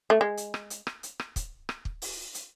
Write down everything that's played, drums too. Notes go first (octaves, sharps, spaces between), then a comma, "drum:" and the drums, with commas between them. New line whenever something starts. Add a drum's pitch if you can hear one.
A3
G#3
drum: hi-hat
drum: rim click
drum: hi-hat
drum: rim click
drum: hi-hat
drum: rim click
drum: kick, hi-hat
drum: rim click
drum: kick
drum: open hi-hat
drum: hi-hat